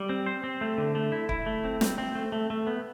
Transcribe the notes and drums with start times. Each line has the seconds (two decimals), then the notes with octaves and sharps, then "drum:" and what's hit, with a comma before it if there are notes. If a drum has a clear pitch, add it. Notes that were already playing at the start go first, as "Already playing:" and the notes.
Already playing: G3
0.09 C4
0.26 C5
0.44 C4
0.61 A3
0.78 D3
0.95 A3
1.12 E4
1.29 E4, drum: kick
1.46 A3
1.64 C4
1.81 C4, drum: snare
1.98 C4
2.15 A3
2.32 A3
2.50 A3
2.67 B3